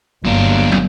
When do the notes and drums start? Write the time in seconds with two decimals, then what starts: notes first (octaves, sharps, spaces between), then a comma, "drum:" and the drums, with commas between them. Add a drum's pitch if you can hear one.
0.25 G1 F#3 A#3 D4
0.72 drum: tom